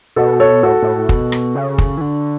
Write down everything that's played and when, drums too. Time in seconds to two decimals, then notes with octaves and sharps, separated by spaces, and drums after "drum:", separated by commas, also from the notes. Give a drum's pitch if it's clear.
0.16 B2 F#4 A4
0.40 A4 C#5
0.63 A2 F#4 A4
0.82 A2
1.09 B2, drum: kick
1.32 drum: rim click
1.55 C#3
1.78 drum: kick
1.98 E3
2.01 D3